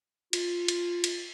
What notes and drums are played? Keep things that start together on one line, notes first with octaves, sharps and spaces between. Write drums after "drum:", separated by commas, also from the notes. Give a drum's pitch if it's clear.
F4, drum: cymbal
drum: cymbal
drum: cymbal